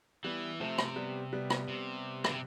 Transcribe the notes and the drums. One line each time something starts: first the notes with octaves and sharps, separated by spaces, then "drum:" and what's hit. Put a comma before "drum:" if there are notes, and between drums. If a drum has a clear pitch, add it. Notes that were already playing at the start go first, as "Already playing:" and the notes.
E3 G3 B3
C3 F3 A3
drum: rim click
G3 B3
G3 B3
drum: rim click
C3
D3, drum: rim click
C3